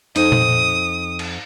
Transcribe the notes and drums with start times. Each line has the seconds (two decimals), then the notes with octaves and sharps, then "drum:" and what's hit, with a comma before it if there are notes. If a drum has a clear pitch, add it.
0.16 F2 D#4 D#6, drum: hi-hat
0.32 drum: tom A#2
1.19 drum: cymbal